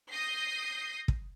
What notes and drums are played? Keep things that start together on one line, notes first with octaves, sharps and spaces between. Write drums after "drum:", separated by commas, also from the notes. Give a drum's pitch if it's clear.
D#6 G6 A#6 C7
drum: kick